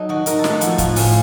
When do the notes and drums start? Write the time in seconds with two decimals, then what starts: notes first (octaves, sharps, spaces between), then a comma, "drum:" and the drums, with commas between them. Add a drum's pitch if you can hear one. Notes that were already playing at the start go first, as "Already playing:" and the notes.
Already playing: F#3 D#4 A4
0.09 D#3 F#4
0.26 D#3 A#4, drum: hi-hat
0.39 A4
0.44 A3, drum: snare
0.50 A4
0.61 F3 F#4, drum: hi-hat
0.78 A2 F4, drum: kick, hi-hat
0.96 A2 C#4, drum: open hi-hat